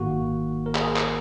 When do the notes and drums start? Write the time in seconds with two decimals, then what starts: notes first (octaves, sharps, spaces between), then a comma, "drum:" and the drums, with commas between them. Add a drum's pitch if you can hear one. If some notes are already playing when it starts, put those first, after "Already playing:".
Already playing: G#1 G#2 D#3 A#3 F#4
0.66 A#4
0.75 G#4, drum: clap
0.96 drum: clap